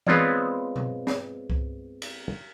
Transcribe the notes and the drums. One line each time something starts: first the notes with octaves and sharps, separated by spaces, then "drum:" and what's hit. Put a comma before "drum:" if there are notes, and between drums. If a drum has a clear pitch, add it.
G#3 B3 C4 F4 C#5 D5, drum: tom E3
drum: tom B2
drum: snare
drum: kick C2
drum: cymbal